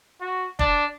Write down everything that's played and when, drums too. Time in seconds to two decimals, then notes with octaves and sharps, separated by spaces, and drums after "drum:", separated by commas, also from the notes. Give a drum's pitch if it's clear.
0.21 F#4
0.59 D4, drum: kick